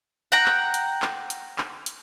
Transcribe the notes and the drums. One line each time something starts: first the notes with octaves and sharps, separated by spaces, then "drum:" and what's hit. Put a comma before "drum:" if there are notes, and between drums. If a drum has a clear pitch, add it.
F#5 G5 A#5
drum: clap
drum: hi-hat
drum: clap
drum: hi-hat
drum: clap
drum: hi-hat